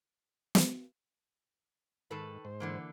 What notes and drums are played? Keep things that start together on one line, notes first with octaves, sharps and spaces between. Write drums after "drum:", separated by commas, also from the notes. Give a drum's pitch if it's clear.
drum: snare
G#2 D#3 A4 B4
G#2 C5
D3 E3 A#3